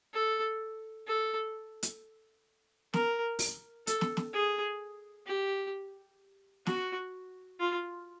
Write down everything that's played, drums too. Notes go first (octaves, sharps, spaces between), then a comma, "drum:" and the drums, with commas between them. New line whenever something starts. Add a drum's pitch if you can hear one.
A4
A4
drum: hi-hat
A#4, drum: snare
drum: open hi-hat
A4, drum: hi-hat
drum: snare
drum: snare
G#4
G4
F#4, drum: snare
F4